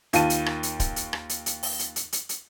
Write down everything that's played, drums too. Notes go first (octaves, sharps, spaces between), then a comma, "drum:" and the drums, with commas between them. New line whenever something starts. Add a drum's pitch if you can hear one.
D#2 F4 A5 D#7, drum: hi-hat
drum: hi-hat
drum: rim click
drum: hi-hat
drum: kick D1, hi-hat
drum: hi-hat
drum: rim click
drum: hi-hat
drum: hi-hat
drum: open hi-hat
drum: hi-hat
drum: hi-hat
drum: hi-hat
drum: hi-hat